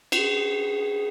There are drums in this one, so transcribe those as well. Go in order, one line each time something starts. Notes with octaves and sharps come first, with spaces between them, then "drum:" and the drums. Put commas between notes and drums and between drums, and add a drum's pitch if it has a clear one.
F4, drum: cymbal
G#4